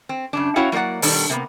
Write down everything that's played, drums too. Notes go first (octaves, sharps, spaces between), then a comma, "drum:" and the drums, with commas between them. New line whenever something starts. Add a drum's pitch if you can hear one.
C4
F#2 C#3 D4
C#4 E4 F#4 C#5 F5 G5
F#3 A#3 C5 D5 F#5
B2 D#3 G3 D4 A4, drum: open hi-hat
C3 A#3 B3